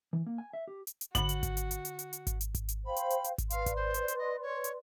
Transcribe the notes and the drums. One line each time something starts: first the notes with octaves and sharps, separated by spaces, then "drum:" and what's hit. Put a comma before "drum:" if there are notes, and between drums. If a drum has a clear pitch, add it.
E3
A#3
G#5
E5
G4
drum: hi-hat
drum: hi-hat
D3 F#4 F#5 B5 F#7, drum: kick G#1, hi-hat
drum: hi-hat
drum: kick G#1, hi-hat
drum: hi-hat
drum: hi-hat
drum: hi-hat
drum: hi-hat
drum: hi-hat
drum: kick G#1, hi-hat
drum: hi-hat
drum: kick G#1, hi-hat
drum: hi-hat
C5 F5 G5 B5
drum: hi-hat
drum: hi-hat
drum: hi-hat
drum: kick G#1, hi-hat
B4 D5 F5 C6, drum: hi-hat
drum: kick G#1, hi-hat
C5
drum: hi-hat
drum: hi-hat
D#5
C#5
drum: hi-hat